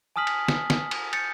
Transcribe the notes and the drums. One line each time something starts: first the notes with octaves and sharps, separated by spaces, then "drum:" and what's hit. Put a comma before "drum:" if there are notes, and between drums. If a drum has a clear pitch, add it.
G#5 A5 D#6 F6 B6 F#7
drum: cymbal
drum: snare
drum: snare
drum: cymbal
G6 A6 C#7, drum: cymbal